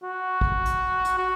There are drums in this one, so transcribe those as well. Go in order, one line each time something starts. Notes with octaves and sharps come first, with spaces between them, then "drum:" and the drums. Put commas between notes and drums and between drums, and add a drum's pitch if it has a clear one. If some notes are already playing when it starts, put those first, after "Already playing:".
F#4
drum: kick
drum: hi-hat
drum: hi-hat
F#4